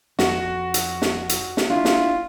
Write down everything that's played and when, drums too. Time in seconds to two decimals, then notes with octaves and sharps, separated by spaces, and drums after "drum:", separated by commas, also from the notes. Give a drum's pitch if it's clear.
0.19 F2 F#4, drum: snare
0.74 drum: hi-hat
1.02 drum: snare
1.29 drum: hi-hat
1.57 drum: snare
1.70 D4 E4 F4
1.85 drum: snare